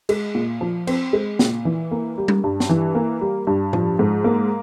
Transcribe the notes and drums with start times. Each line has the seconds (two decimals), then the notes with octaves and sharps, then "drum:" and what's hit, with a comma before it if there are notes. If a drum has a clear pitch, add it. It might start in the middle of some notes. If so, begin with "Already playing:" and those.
0.09 G#3, drum: cymbal
0.35 A#2
0.61 F3
0.87 C4, drum: cymbal
1.13 G#3
1.39 A#2, drum: snare
1.65 E3
1.91 A#3
2.18 G3
2.28 drum: tom G3
2.44 G2
2.60 drum: snare
2.69 E3
2.95 A#3
3.21 G3
3.47 G2
3.73 F3, drum: tom A2
3.99 G#2
4.24 A#3